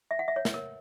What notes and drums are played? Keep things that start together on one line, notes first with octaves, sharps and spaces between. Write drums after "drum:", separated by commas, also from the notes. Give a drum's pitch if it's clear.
E5
F#5
E5
C#5
B4, drum: snare
A#4